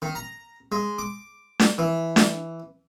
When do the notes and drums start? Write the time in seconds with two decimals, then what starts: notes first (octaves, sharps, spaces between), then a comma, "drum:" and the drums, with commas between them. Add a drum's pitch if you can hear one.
0.02 D#3
0.15 A#5
0.72 G#3
0.99 D6
1.59 drum: snare D4
1.78 E3
2.16 drum: snare D4